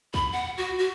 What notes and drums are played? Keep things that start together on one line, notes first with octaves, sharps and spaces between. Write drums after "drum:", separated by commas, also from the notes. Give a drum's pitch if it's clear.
B5, drum: kick B1
F#5
F#4
F#4